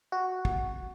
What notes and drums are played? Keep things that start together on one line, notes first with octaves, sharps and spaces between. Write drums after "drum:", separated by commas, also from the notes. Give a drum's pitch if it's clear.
F#4
drum: kick